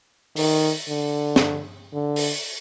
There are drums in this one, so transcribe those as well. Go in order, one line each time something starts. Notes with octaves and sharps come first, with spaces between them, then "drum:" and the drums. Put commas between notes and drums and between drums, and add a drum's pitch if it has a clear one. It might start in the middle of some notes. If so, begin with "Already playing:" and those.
D#3, drum: open hi-hat
D3
drum: snare
D3
drum: open hi-hat